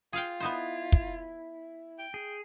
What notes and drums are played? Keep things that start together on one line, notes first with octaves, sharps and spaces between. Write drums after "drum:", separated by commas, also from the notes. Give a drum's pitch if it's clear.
F4 G#4 F5 G5
B3 D#4 E4 C5
drum: kick
G5
G#4